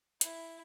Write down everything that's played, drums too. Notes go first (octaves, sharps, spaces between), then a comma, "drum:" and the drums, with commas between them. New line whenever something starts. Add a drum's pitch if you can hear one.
E4, drum: hi-hat